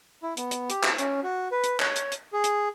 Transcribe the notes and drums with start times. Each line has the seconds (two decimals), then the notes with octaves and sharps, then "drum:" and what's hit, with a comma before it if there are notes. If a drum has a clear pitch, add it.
0.23 E4
0.37 B3, drum: hi-hat
0.51 drum: hi-hat
0.70 G4, drum: hi-hat
0.83 drum: clap
0.98 C#4, drum: hi-hat
1.23 F#4
1.52 B4
1.64 drum: hi-hat
1.80 C#5, drum: clap
1.96 drum: hi-hat
2.12 drum: hi-hat
2.33 G#4
2.44 drum: hi-hat